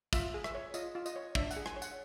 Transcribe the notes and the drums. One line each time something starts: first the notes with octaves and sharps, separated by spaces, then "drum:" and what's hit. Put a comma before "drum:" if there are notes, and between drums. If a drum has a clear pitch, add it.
F4 E5, drum: kick, tambourine
G#4
E5, drum: rim click
C#5
F4 D#5, drum: tambourine
F4
D#5, drum: tambourine
C#5
D4 E5, drum: kick
F#5, drum: tambourine
G#4
G#5, drum: rim click
C#5
F#5, drum: tambourine